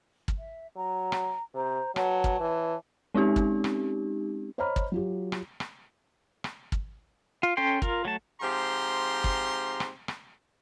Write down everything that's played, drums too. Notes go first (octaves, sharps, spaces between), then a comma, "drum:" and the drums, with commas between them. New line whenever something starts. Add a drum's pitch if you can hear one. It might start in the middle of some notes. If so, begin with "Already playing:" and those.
drum: kick
E5
F#3 A#5
drum: rim click
C3 C5 A#5
F#3 B4 C#5 A5, drum: rim click
drum: kick
E3
G#3 C4 C#4 D#4 G4
drum: kick
drum: rim click
C5 C#5 D#5 A#5 B5 F6
drum: kick
F#3 F4 G4
drum: rim click
drum: rim click
drum: rim click
drum: kick
F4
C#4 A4 C#5 G5 C6
F4 A#4, drum: kick
F#3 A3 A5
G#2 F3 C4 G4 A#5 C6
drum: kick
drum: rim click
drum: rim click